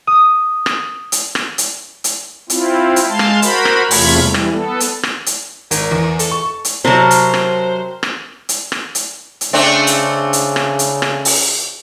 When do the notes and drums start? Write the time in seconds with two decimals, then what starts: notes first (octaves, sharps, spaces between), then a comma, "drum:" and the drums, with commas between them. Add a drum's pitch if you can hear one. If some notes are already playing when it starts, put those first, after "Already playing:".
0.07 D#6
0.66 drum: rim click
1.12 drum: hi-hat
1.35 drum: rim click
1.58 drum: hi-hat
2.04 drum: hi-hat
2.50 C4 E4 F4, drum: hi-hat
2.96 drum: hi-hat
3.08 G#3 F5 A5 C6
3.19 drum: rim click
3.42 F#4 A#4 C5 B5, drum: hi-hat
3.65 drum: rim click
3.91 E2 C3 A3 F4 B5 G#6, drum: open hi-hat
4.20 E3 G3
4.34 drum: rim click
4.53 B3 A4
4.80 drum: hi-hat
5.03 drum: rim click
5.26 drum: hi-hat
5.71 G#1 A#4, drum: hi-hat
5.91 E2
6.19 A4, drum: hi-hat
6.31 C#6
6.65 drum: hi-hat
6.85 C3 F#3 A#4 C5 A5
7.11 drum: hi-hat
7.34 drum: rim click
8.03 drum: rim click
8.49 drum: hi-hat
8.72 drum: rim click
8.95 drum: hi-hat
9.41 drum: hi-hat
9.53 C#3 A3 C4 D4
9.87 drum: hi-hat
10.33 drum: hi-hat
10.56 drum: rim click
10.79 drum: hi-hat
11.02 drum: rim click
11.25 drum: open hi-hat